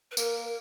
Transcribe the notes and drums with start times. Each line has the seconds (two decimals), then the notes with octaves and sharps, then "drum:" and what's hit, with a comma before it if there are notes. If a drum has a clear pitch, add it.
0.11 B4
0.17 A#3 A#4, drum: tambourine